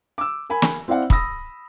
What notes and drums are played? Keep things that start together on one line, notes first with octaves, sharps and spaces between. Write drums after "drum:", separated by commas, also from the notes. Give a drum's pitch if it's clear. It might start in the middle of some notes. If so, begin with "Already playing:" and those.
D6 E6
A#4 G#5 B5
drum: snare
C4 E4 D5 F5 F#5
B5 D#6 E6 A#6, drum: kick